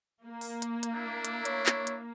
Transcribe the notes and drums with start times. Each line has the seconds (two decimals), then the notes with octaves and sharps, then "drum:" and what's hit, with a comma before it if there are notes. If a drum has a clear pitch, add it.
0.24 A#3
0.41 drum: open hi-hat
0.62 drum: hi-hat
0.83 drum: hi-hat
0.93 D4 E4
1.25 drum: hi-hat
1.45 C#5, drum: hi-hat
1.66 drum: clap
1.87 drum: hi-hat